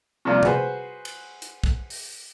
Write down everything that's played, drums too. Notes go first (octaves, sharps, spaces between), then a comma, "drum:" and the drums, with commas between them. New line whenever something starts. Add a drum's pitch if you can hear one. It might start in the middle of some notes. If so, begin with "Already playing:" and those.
C3 F3 G3 A#3 D4 F4
F#4 G#4 B4 C5, drum: tom C3
drum: cymbal
drum: hi-hat
drum: kick
drum: open hi-hat